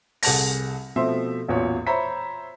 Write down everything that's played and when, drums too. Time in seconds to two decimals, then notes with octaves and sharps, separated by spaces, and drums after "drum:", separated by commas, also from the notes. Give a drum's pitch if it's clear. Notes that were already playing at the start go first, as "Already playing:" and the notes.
0.23 C2 G#4 A4 F#5 A5 A#6, drum: open hi-hat
0.96 B2 F3 A3 C4 E5 C6
1.48 A1 E2 A#2 F4 F#4 C#5
1.87 C5 C#5 E5 A#5 B5 B6